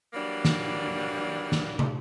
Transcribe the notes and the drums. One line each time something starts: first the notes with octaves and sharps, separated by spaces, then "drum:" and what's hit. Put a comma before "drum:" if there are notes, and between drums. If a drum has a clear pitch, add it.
E3 F#3 G3 A#3 D4
drum: snare
drum: snare
drum: tom